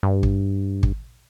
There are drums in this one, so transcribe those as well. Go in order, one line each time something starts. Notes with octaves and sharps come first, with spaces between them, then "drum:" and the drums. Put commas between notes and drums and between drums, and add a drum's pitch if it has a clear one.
G2
drum: kick
drum: kick